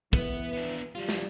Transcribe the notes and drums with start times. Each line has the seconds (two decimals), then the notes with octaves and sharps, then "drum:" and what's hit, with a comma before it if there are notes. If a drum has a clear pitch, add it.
0.13 E3 B3, drum: kick
0.53 B3 D4
0.95 F#3 G3 F4
1.09 drum: snare